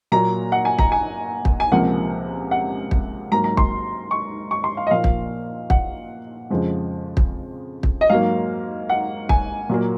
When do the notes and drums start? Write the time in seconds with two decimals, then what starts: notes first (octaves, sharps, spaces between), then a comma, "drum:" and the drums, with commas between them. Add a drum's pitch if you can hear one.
0.12 A#2 F#3 A#3 A#5
0.52 F#5
0.65 G#5
0.79 A#5, drum: kick
0.92 G#5
1.45 drum: kick
1.60 G#5
1.72 C#2 C3 F3 A#3 F#5
2.51 F#5
2.91 drum: kick
3.32 G#2 F#3 A#3 A#5
3.44 A#5
3.57 C6, drum: kick
4.11 C#6
4.51 C#6
4.64 C6
4.77 F5
4.87 D#5
4.91 A#2 F3 A#3 F5
5.04 drum: kick
5.70 F#5, drum: kick
6.50 F2 C#3 F3 G#3
7.17 drum: kick
7.83 drum: kick
8.01 D#5
8.10 G#2 F#3 A#3 F5
8.89 F#5
9.29 G#5, drum: kick
9.69 A#2 F#3 A#3